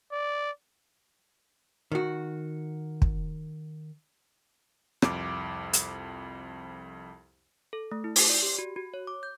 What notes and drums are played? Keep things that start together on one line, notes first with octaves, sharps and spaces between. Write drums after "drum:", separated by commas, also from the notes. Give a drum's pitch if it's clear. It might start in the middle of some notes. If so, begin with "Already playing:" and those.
D5
D#3 F#4
drum: kick
C2 F2 D6, drum: rim click
drum: hi-hat
A4
A3
E4
B6, drum: open hi-hat
D5
G4
F#4
F#4
C#5
D6
G6